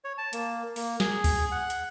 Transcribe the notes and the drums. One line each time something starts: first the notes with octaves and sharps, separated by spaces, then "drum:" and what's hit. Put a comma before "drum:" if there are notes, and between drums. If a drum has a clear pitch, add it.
C#5
A5
A#3, drum: hi-hat
A#3, drum: open hi-hat
G#4, drum: snare
drum: kick D2, open hi-hat
F#5
drum: hi-hat